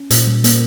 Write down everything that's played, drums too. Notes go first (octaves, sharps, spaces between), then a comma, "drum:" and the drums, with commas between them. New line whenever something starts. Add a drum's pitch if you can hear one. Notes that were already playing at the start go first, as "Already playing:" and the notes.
Already playing: C#4
A#2, drum: hi-hat
G3
A#3, drum: hi-hat